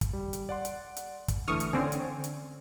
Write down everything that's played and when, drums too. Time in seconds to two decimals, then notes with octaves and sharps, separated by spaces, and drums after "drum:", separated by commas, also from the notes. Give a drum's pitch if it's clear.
0.01 drum: kick, hi-hat
0.13 G3
0.33 drum: hi-hat
0.49 D5 F#5 C6
0.65 drum: hi-hat
0.97 drum: hi-hat
1.28 drum: kick, hi-hat
1.48 D3 E3 A3 C#6 D#6 F6
1.60 drum: hi-hat
1.73 D3 C4 C#4 C5 D5 G#5
1.92 drum: hi-hat
2.24 drum: hi-hat